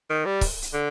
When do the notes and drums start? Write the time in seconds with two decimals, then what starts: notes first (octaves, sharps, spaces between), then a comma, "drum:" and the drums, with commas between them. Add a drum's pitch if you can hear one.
0.10 D#3
0.26 G3
0.41 drum: kick, open hi-hat
0.62 drum: hi-hat
0.73 D3